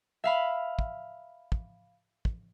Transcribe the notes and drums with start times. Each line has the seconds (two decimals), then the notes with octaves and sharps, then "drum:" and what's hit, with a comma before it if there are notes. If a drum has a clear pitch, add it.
0.24 E5 F5 B5
0.79 drum: kick
1.52 drum: kick
2.25 drum: kick